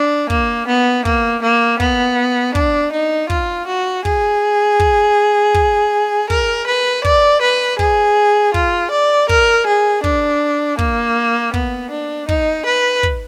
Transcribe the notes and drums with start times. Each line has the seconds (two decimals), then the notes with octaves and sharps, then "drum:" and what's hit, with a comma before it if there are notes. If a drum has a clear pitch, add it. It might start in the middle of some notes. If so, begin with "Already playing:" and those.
Already playing: D4
0.30 A#3, drum: kick
0.68 B3
1.05 A#3, drum: kick
1.43 A#3
1.80 B3, drum: kick
2.55 D4, drum: kick
2.92 D#4
3.30 F4, drum: kick
3.67 F#4
4.05 G#4, drum: kick
4.80 drum: kick
5.54 drum: kick
6.30 A#4, drum: kick
6.67 B4
7.05 D5, drum: kick
7.42 B4
7.79 G#4, drum: kick
8.54 F4, drum: kick
8.91 D5
9.29 A#4, drum: kick
9.67 G#4
10.04 D4, drum: kick
10.79 A#3, drum: kick
11.54 B3, drum: kick
11.91 D4
12.29 D#4, drum: kick
12.66 B4
13.03 drum: kick